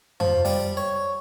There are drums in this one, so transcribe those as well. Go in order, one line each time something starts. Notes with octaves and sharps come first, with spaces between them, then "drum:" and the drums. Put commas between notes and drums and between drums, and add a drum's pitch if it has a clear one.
F3, drum: tom F2
G3, drum: open hi-hat
C#5